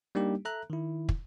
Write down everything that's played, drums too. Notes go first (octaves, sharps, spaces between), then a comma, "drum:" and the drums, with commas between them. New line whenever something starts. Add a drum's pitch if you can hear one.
G3 A#3 D4 D#4 G4
A4 E5 A#5 F#6
D#3 E4
drum: kick